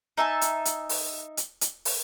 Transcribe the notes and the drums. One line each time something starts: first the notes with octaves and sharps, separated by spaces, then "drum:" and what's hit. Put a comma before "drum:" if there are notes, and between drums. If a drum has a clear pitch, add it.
D#4 E5 G#5 A5
drum: hi-hat
drum: hi-hat
drum: open hi-hat
drum: hi-hat
drum: hi-hat
drum: open hi-hat